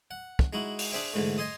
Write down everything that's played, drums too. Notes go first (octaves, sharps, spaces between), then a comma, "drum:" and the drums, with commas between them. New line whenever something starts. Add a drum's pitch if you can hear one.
F#5
drum: kick
G#3 D#4 E4 F#4
drum: open hi-hat
D4 G#4 C5 E5 G5
G#2 D3 E3 G#3 A3
D#5 G#5 C6 D#6